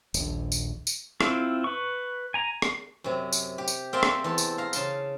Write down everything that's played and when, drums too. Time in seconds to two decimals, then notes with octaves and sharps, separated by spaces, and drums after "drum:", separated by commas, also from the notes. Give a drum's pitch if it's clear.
0.14 D#1 A#1, drum: tambourine
0.52 drum: tambourine
0.87 drum: tambourine
1.21 C4 E4 F4, drum: rim click
1.64 B4 C#6
2.34 G#5 A#5
2.62 drum: rim click
3.04 F#2 C3
3.33 drum: tambourine
3.58 G4
3.68 drum: tambourine
3.93 C4 A#4 D5 E5 F5 G#5
4.03 drum: rim click
4.24 E2 A4
4.38 drum: tambourine
4.58 F5 A#5
4.73 C#3 A5 C6, drum: tambourine